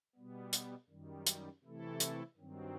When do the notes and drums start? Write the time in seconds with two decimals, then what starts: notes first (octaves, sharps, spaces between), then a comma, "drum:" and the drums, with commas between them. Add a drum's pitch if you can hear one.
0.16 B2 G3 B3
0.53 drum: hi-hat
0.90 F#2 D#3 G3
1.27 drum: hi-hat
1.63 C3 E3 A3 E4 A4
2.00 drum: hi-hat
2.37 G2 D#3 F#3 C4